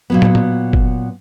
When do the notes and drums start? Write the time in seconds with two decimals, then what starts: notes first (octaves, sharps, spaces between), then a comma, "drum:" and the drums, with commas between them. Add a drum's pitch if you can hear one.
0.10 A#2 F#3 B3
0.22 drum: tom
0.35 drum: tom
0.73 drum: kick